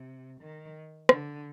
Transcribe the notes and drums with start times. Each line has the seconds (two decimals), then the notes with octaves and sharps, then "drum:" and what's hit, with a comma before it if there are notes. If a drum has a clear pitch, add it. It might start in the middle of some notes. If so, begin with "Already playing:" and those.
Already playing: C3
0.41 D#3
1.09 D3, drum: rim click